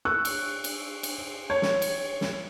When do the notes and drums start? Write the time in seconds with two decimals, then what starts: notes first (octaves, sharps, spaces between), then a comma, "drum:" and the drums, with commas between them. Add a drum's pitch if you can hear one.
0.05 C#6 E6 F#6
0.25 drum: cymbal
0.64 drum: cymbal
1.03 drum: cymbal
1.50 C#5
1.62 drum: snare
1.82 drum: cymbal
2.21 drum: snare